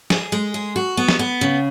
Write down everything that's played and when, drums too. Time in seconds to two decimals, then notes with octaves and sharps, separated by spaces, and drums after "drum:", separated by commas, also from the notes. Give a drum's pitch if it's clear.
0.10 G#4, drum: snare
0.32 G#3
0.54 G#4
0.76 F#4
0.97 B3
1.09 drum: snare
1.19 B3
1.41 C#3